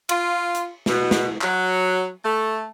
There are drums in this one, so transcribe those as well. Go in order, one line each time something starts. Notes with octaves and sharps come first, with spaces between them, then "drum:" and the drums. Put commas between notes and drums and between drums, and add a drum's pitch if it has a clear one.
F4, drum: cymbal
drum: hi-hat
B2, drum: snare
drum: snare
F#3, drum: clap
A3